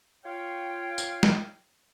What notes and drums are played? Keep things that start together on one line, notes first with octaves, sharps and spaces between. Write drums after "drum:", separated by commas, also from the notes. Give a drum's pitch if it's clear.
F4 C#5 F5 G5
drum: tambourine
drum: snare